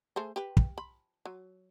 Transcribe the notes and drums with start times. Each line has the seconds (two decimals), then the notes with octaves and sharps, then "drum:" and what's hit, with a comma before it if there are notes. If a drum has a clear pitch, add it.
0.16 A3 G#4 C5
0.36 G4 B4
0.57 drum: kick
0.78 B5
1.26 F#3